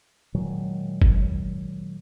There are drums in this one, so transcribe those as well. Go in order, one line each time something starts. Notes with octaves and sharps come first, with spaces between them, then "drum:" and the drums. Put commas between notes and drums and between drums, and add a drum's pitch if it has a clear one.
A#2 D#3 F#3 G#3
drum: kick G1